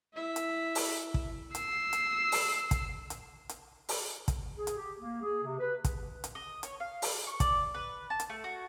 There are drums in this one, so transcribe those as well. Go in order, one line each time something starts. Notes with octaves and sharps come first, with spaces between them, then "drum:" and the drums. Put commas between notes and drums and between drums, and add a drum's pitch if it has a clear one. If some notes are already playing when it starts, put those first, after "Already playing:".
E4 E5
drum: hi-hat
drum: open hi-hat
drum: kick
E6 C7, drum: hi-hat
drum: hi-hat
drum: open hi-hat
drum: kick, hi-hat
drum: hi-hat
drum: hi-hat
drum: open hi-hat
drum: kick, hi-hat
G#4
drum: hi-hat
G4
A#3
G#4
C3
B4
drum: kick, hi-hat
drum: hi-hat
D#5
C#5, drum: hi-hat
F5
drum: open hi-hat
C#6
D5, drum: kick, hi-hat
B4
A5
drum: hi-hat
A3
F#4